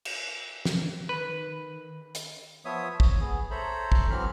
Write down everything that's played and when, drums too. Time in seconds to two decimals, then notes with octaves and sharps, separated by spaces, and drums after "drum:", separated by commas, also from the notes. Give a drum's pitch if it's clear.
0.05 drum: cymbal
0.65 drum: snare
1.09 D#3 B4
2.15 drum: hi-hat
2.65 F3 B3 C#5 E5 D#6
3.00 C#5, drum: kick
3.20 B3 G#4
3.51 A4 C5 C#5 E5 A#5 B5
3.92 drum: kick
4.11 E3 F#3 C4 F6